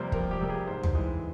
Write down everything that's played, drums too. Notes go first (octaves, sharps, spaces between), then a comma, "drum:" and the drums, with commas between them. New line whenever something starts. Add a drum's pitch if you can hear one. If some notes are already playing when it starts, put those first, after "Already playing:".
Already playing: F2 C3 G3 A#3 A#4 C5
F2 A#4, drum: kick
G4
C3 G3 A#3
G#4
G#2 C5
drum: tom
E3 G#3